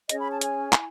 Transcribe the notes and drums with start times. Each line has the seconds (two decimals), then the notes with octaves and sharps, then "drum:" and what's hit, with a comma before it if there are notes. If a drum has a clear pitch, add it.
0.09 C#4 G#4 C#5 D#5, drum: hi-hat
0.20 B5
0.31 A5
0.41 G#5, drum: hi-hat
0.73 E4, drum: clap